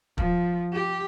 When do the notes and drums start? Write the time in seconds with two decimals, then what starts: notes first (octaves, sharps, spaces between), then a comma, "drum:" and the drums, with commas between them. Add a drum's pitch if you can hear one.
0.18 F3, drum: kick
0.73 G4